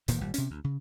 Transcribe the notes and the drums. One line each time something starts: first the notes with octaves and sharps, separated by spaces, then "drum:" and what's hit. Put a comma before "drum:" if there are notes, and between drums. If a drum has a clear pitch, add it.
D#1 A#2 D#3 E3, drum: hi-hat
G#1 A#2 G3
C3 C#4, drum: hi-hat
D2
C#3